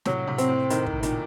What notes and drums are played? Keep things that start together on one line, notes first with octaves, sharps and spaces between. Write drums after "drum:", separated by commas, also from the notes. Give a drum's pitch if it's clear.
A2 C3 F#3, drum: snare
A2 C3
C4, drum: hi-hat
A2
A2 D#3, drum: hi-hat
drum: kick
A#2 D#3, drum: hi-hat